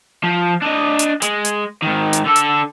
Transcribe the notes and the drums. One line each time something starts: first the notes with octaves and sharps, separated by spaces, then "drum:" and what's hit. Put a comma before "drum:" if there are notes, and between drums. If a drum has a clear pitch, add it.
F3
D4 D#5
drum: hi-hat
G#3, drum: hi-hat
drum: hi-hat
G#2 D#3
drum: hi-hat
D3 A4
drum: hi-hat